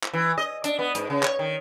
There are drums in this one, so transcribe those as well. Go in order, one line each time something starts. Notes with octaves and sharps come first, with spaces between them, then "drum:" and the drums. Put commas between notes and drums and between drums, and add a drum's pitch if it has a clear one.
drum: clap
E3
D#5
D4, drum: hi-hat
B3
G#2, drum: hi-hat
C#3
C#5, drum: clap
D#3